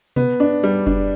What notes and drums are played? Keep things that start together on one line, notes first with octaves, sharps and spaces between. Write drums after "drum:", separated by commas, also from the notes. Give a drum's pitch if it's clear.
B3, drum: tom B2
D4
G3
D4, drum: kick F#1